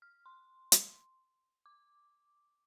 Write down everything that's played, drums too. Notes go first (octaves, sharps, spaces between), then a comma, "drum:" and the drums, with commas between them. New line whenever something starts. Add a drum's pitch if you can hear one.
F6
C6
drum: hi-hat
D6